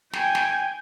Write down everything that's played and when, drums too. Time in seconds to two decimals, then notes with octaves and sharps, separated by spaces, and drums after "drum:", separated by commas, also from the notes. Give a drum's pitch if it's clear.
0.13 G5 G#5, drum: snare
0.35 drum: snare